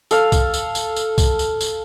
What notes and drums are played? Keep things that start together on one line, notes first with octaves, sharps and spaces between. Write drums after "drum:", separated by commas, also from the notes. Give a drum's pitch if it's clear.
A4 F5, drum: tambourine
drum: kick, tambourine
drum: tambourine
drum: tambourine
drum: tambourine
drum: kick, tambourine
drum: tambourine
drum: tambourine